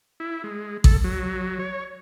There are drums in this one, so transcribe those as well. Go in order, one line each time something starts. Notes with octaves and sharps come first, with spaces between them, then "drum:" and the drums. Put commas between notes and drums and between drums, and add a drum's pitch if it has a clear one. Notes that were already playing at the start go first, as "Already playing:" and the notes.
E4
G#3
A4, drum: kick A1
F#3
C#5